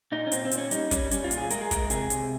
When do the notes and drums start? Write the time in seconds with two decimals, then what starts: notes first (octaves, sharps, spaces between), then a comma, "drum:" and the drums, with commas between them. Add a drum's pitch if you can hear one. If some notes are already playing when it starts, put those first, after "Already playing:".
0.12 A#2 D#4
0.27 C#4
0.32 A#2 C4, drum: hi-hat
0.45 C4
0.51 A#2, drum: hi-hat
0.58 C#4
0.71 G3 D#4, drum: hi-hat
0.91 G3 C#4, drum: kick, hi-hat
1.11 G3 C#4, drum: hi-hat
1.24 F4
1.31 A#2, drum: hi-hat
1.38 G#4
1.50 G#3 A#4, drum: hi-hat
1.61 G#4
1.71 G#3 A#4, drum: kick, hi-hat
1.90 C3 G#4, drum: hi-hat
2.10 C3, drum: hi-hat